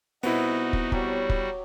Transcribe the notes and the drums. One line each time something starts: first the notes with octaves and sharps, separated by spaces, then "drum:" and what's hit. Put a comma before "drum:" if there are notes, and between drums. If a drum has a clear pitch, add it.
C2 B2 B3 D#4 E4 F#4 D#5
drum: kick
F#3 G3 F#4 G4 A#5, drum: kick
drum: kick